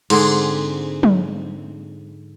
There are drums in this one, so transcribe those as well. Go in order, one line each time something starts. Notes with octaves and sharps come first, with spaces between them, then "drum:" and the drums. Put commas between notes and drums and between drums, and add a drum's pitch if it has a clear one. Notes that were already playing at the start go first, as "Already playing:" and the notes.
G#2 D3 C4 G#4, drum: cymbal
drum: tom